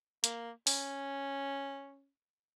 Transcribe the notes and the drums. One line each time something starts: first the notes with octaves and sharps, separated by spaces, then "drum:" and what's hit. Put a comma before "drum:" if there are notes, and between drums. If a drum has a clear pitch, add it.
A#3, drum: hi-hat
C#4, drum: open hi-hat